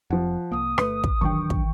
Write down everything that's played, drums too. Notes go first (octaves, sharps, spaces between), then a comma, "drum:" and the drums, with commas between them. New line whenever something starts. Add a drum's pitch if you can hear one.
F1 F2 F3 F#5
C2 A#3 D#6
G1 A3 B4, drum: rim click
drum: kick
D1 D#3 E3 F#3 D4 G5 C#6
drum: kick